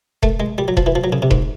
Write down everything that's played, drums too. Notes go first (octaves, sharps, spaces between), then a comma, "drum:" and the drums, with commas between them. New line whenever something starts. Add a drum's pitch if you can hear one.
A3, drum: kick E1
G#3
G3
F#3
F3, drum: kick E1
E3
F3
F#3
C#3
C3
G#2, drum: kick E1